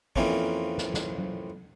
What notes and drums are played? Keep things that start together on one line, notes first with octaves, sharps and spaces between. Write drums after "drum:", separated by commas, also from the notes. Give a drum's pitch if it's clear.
F2 E3 A#3 C4 C#4, drum: kick
drum: snare
drum: snare
drum: tom F#3